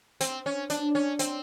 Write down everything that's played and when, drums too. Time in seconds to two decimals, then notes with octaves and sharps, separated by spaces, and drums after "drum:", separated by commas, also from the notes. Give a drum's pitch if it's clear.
0.21 C4, drum: hi-hat
0.46 C#4
0.70 D4, drum: hi-hat
0.95 C#4
1.19 C4, drum: hi-hat